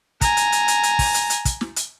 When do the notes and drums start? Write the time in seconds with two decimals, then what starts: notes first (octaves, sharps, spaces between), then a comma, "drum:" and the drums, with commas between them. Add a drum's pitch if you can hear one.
0.21 G#5 A#5, drum: kick, hi-hat
0.37 drum: hi-hat
0.52 drum: hi-hat
0.68 drum: hi-hat
0.83 drum: hi-hat
0.99 drum: kick, open hi-hat
1.14 drum: hi-hat
1.30 drum: hi-hat
1.45 drum: kick, hi-hat
1.61 drum: snare
1.76 drum: hi-hat